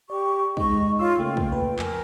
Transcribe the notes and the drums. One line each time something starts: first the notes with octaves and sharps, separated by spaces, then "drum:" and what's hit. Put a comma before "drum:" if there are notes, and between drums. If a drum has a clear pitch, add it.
G4 D5 C#6
G#3 D#4 D#5 C#6, drum: kick
F4 C#5 F5 C6 E6
C#3 A3 A#3 G5
drum: kick
B4
F2 A#4 G#5, drum: clap